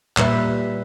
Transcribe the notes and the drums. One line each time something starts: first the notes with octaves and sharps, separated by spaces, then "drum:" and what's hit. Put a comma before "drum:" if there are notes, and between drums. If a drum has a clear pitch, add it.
A#2 G3 B4 E5, drum: clap